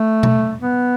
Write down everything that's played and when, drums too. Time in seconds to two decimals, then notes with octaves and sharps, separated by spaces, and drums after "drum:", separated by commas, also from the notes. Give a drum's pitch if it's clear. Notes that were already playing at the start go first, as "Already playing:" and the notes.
Already playing: A3
0.23 drum: tom B2
0.62 B3